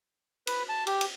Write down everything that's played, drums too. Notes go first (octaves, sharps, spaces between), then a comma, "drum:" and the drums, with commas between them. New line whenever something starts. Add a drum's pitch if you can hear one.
B4, drum: cymbal
A5
G4, drum: cymbal
drum: cymbal